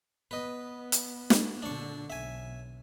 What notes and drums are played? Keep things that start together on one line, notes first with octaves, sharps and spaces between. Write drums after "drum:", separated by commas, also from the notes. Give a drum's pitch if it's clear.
B3 B4 D#5
drum: hi-hat
drum: snare
A#2 D3 D4 C#6
B1 E5 G#5